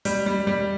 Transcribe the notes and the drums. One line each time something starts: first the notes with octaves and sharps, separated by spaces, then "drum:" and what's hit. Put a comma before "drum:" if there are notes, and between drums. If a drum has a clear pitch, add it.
G3, drum: open hi-hat
G3
G3